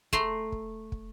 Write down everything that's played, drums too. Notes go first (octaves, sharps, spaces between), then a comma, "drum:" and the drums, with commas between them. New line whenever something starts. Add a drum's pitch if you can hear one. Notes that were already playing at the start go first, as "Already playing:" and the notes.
A3 A#5 C6, drum: kick
drum: kick
drum: kick